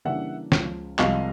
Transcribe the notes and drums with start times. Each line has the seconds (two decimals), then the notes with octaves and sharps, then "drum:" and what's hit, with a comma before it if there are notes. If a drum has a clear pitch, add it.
0.05 C#3 E3 G3 A#3 D4 E5 F#5
0.52 C#2 C#3 F3, drum: snare
0.99 C2 C3 F3 G#3 D#5 F5, drum: clap